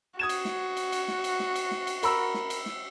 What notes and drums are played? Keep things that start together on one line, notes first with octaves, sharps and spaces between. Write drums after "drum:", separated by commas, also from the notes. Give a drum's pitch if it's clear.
F#4 D#6 G#6 E7
drum: cymbal
drum: snare
drum: cymbal
drum: cymbal
drum: snare
drum: cymbal
drum: snare
drum: cymbal
drum: snare
drum: cymbal
A#4 B5 E6, drum: cymbal
drum: snare
drum: cymbal
drum: snare